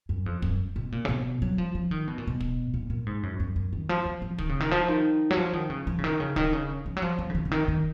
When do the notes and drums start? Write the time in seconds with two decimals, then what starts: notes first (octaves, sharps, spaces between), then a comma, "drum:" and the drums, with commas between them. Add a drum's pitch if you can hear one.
0.09 F#2
0.26 F2
0.42 F#2, drum: kick
0.76 B2
0.92 A#2
1.05 C#3
1.09 B2
1.42 F#3
1.58 F3
1.75 F3
1.91 D#3
2.07 B2
2.18 A#2
2.27 B2
2.40 drum: kick
2.74 A#2
2.90 A#2
3.06 G#2
3.23 F#2
3.40 F#2
3.56 F#2
3.73 D#3
3.89 F3
4.05 F3
4.22 F3
4.38 D#3, drum: kick
4.49 C#3
4.60 D#3
4.71 F3
4.88 D#3
5.31 F#3
5.37 F3
5.53 D#3
5.70 C#3
5.87 F3
5.98 C#3
6.04 D#3
6.20 C#3
6.36 D#3, drum: kick
6.53 C#3
6.86 F3
6.97 F#3
7.02 F3
7.19 F3
7.30 C#3
7.35 D#3
7.45 C#3
7.51 D#3
7.68 D#3